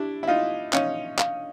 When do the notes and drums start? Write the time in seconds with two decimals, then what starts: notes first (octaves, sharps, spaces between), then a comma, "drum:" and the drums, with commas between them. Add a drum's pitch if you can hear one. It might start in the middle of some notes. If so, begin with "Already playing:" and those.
Already playing: D4 E4 G4
0.23 E4
0.28 D#4 F4 F5
0.73 C#4 D#4 F5, drum: clap
1.19 F5, drum: clap